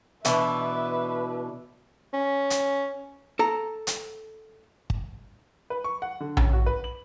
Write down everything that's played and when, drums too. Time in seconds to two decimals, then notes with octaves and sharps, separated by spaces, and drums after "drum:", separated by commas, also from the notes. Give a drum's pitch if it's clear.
0.25 B2 E3 D4 B4 E5, drum: hi-hat
2.13 C#4
2.50 drum: hi-hat
3.39 A4 A#5
3.87 drum: hi-hat
4.90 drum: kick
5.70 B4
5.84 C#6
6.02 F#5
6.21 D3
6.37 C#3, drum: tom A#1
6.53 F#4
6.66 B4
6.84 F#7